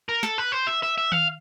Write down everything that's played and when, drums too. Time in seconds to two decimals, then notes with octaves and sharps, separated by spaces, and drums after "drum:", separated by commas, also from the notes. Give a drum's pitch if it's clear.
0.09 A#4
0.23 A4, drum: snare
0.38 B4
0.52 C5
0.67 E5
0.83 E5
0.98 E5
1.12 F5, drum: tom D#3